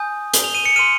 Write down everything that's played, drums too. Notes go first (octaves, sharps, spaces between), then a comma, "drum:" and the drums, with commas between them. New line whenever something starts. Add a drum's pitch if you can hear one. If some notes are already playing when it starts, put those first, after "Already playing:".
Already playing: G#5 D#6 G6
G7, drum: hi-hat
F7
D#7
C#7
C6 F6 D#7